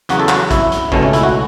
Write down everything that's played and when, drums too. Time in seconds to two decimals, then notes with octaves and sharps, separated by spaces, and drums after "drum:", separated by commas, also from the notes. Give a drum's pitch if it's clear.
0.09 E2 C#3 F#3 F#4, drum: hi-hat
0.20 A4
0.29 F#4, drum: clap
0.51 E4, drum: kick, hi-hat
0.72 drum: hi-hat
0.92 C#2 B2 A3 C#4, drum: kick
1.03 C#4
1.13 E4, drum: hi-hat
1.23 F#4